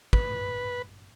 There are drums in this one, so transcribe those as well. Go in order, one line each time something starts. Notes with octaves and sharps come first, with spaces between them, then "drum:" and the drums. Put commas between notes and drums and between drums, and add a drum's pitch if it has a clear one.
B4, drum: kick